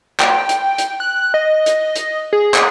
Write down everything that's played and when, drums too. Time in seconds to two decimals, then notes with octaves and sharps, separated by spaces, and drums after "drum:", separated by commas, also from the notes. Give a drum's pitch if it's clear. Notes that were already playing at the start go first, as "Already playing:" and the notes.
0.20 G5, drum: clap
0.49 drum: hi-hat
0.78 drum: hi-hat
1.00 F#6
1.34 D#5
1.66 drum: hi-hat
1.96 drum: hi-hat
2.33 G#4
2.54 drum: clap